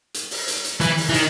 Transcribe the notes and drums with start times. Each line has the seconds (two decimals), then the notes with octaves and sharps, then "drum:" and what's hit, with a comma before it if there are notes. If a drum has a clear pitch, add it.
0.14 drum: hi-hat
0.31 drum: open hi-hat
0.48 drum: hi-hat
0.64 drum: hi-hat
0.81 E3, drum: hi-hat
0.98 drum: open hi-hat
1.09 E3
1.14 D#3, drum: hi-hat